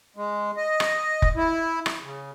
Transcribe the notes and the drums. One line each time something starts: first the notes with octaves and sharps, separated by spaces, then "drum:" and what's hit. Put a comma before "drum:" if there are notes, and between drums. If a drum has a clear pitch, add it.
G#3
D#5
drum: rim click
drum: kick F1
E4
drum: rim click
C#3